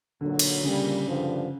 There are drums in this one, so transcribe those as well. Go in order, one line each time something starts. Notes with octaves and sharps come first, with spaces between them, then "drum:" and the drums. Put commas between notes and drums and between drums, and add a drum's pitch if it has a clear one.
B1 A#2 D3 F#3
drum: cymbal
A#1 A#2 C#3 G3
G#1 G2 D3 F3